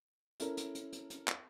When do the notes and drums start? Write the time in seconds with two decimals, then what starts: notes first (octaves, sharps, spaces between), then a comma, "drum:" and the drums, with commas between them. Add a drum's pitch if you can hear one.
0.40 C#4 E4 A4 A#4, drum: hi-hat
0.57 drum: hi-hat
0.75 drum: hi-hat
0.93 drum: hi-hat
1.10 drum: hi-hat
1.28 drum: clap